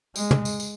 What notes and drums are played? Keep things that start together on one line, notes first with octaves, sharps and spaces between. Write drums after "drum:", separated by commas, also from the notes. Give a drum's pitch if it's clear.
G#3, drum: tambourine
drum: tom
drum: tambourine
drum: tambourine